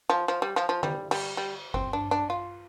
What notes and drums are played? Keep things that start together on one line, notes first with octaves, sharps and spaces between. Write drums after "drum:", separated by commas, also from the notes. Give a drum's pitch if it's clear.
F3
F3
G3
F3
F3
G3, drum: tom D3
G3, drum: cymbal
G3
C4, drum: kick G1
D4
D4
F4